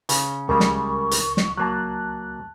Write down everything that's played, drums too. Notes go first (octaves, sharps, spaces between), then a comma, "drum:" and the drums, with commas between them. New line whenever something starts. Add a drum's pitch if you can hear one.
C#3 C#4, drum: hi-hat
C#2 C#3 G3 G#3 A#4 C#6
drum: snare
drum: hi-hat
drum: snare
F#3 A#3 A5 F#6